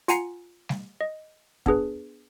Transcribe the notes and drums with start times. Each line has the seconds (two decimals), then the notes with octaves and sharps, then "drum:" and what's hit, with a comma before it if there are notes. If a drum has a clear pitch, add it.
0.08 F4 F#5 G#5 A#5 C7 C#7, drum: hi-hat
0.69 drum: snare G3
1.01 D#5
1.66 B3 D4 G#4 B4, drum: kick